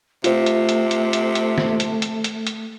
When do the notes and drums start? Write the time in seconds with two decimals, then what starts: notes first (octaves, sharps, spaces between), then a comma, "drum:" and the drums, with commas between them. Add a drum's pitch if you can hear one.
0.24 C3 A3 F4 C5, drum: hi-hat
0.46 drum: hi-hat
0.69 drum: hi-hat
0.91 drum: hi-hat
1.13 drum: hi-hat
1.35 drum: hi-hat
1.58 drum: snare
1.80 drum: hi-hat
2.02 drum: hi-hat
2.24 drum: hi-hat
2.47 drum: hi-hat